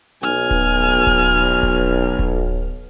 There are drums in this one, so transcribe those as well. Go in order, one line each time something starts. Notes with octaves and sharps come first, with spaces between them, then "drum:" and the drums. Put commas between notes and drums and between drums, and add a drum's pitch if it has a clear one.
B1 G#5 F6
drum: kick D1
drum: kick D1
drum: kick D1
drum: kick D1